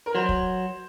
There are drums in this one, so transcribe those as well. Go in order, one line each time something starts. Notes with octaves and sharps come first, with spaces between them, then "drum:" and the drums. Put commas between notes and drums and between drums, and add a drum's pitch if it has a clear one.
A#4
F#3 C5
drum: kick